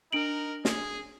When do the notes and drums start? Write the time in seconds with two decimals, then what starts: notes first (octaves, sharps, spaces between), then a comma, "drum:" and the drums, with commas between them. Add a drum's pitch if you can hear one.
0.13 D4 D#4 A#4 D7 F#7
0.65 G#4, drum: snare